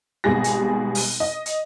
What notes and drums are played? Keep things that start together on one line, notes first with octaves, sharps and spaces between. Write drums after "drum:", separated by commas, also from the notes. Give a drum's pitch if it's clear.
G#1 G#2 B2 G3 G#4 A#6
drum: hi-hat
drum: open hi-hat
D#5
drum: hi-hat